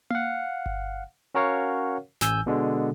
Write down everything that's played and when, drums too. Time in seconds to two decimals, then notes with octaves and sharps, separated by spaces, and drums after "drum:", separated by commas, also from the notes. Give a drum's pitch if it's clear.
0.10 F5 F#5, drum: tom A#3
0.66 drum: kick G1
1.35 C#4 F#4 A#4 C#5 F5 F#5
2.21 A1 G#5 E6 G6, drum: snare
2.46 B2 D3 G#3